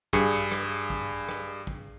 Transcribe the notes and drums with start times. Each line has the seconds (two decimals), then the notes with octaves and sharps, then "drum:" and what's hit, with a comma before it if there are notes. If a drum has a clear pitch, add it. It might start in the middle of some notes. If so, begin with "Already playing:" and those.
0.13 G2 G#4 C#7, drum: kick
0.52 drum: rim click
0.90 drum: kick
1.29 drum: rim click
1.67 drum: kick